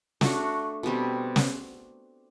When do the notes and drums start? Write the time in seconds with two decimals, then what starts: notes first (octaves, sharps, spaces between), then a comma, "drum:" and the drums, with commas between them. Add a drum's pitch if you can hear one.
0.21 A3 D4 F#4, drum: snare
0.83 B2 G3 C4
1.36 drum: snare